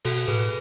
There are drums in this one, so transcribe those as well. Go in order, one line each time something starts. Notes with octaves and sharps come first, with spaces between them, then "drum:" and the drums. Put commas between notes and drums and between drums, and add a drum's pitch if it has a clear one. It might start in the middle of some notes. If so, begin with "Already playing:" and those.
B2 F#4 A4, drum: open hi-hat
A2 G#4 B4